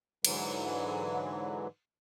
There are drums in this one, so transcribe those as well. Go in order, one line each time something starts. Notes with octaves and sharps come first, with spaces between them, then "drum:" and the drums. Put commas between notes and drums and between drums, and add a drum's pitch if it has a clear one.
G#2 D3 E3 F#3, drum: cymbal